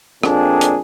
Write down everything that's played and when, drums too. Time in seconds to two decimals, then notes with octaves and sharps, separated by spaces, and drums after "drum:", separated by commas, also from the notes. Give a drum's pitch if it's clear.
0.23 F2 A#2 D4 G#4, drum: rim click
0.61 drum: hi-hat